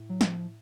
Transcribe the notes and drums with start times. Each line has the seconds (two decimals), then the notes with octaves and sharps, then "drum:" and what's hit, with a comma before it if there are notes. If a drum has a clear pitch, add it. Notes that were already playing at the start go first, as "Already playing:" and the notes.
Already playing: A2
0.09 F#3
0.21 F3, drum: snare